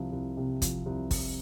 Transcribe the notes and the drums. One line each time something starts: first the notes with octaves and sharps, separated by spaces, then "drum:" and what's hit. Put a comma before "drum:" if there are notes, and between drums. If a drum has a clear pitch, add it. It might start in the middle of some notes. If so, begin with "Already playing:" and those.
Already playing: C2 F3
C2
C3
F3, drum: kick, hi-hat
C2
C2, drum: kick, open hi-hat